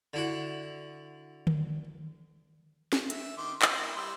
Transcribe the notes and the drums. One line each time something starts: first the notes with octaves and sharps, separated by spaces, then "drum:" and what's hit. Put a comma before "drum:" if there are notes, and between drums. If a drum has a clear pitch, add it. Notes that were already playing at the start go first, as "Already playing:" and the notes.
D3 E4 F#4
drum: tom D3
drum: snare
E5, drum: hi-hat
D#3 C6 D6
B3 C5, drum: clap
A#3 E4
G3 C6 E6